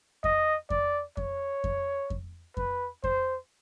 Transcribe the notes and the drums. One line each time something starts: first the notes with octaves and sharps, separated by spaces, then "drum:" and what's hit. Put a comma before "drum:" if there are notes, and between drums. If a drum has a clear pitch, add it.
D#5, drum: kick F2
D5, drum: kick F2
C#5, drum: kick F2
drum: kick F2
drum: kick F2
B4, drum: kick F2
C5, drum: kick F2